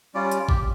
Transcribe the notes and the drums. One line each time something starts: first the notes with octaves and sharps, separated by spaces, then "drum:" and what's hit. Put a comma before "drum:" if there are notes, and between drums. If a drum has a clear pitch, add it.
G3 C#4 F4 D5
drum: hi-hat
G4, drum: kick G#1